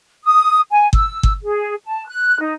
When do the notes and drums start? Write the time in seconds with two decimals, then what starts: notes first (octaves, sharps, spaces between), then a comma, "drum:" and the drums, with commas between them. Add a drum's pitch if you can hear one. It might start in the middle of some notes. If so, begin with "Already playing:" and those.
0.24 D#6
0.70 G#5
0.93 E6, drum: kick G1
1.23 drum: kick G1
1.43 G#4
1.84 A5
2.07 F#6
2.39 D#4